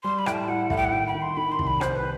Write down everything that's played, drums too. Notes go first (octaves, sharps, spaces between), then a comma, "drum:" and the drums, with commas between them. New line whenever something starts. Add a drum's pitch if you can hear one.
G3 C6
B5
A2 G5, drum: rim click
A5
E4 F#5
A2 F#5, drum: kick
G5
F#5
D#3 G5
B5
D#3
C6
D#3 B5
C6
C2, drum: kick
B5
D#3 C5, drum: rim click
B4